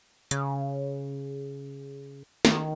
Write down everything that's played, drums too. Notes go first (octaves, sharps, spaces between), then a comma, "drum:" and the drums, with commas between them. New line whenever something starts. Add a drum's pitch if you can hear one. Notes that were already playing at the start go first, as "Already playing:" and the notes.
C#3, drum: hi-hat
D#3, drum: snare